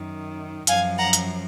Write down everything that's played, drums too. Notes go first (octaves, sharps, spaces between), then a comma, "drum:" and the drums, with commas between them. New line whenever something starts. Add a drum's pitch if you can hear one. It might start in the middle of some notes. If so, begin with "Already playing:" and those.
Already playing: F#2 D#3
F#2 F3 F5 G#5, drum: hi-hat
F#5 A#5
drum: hi-hat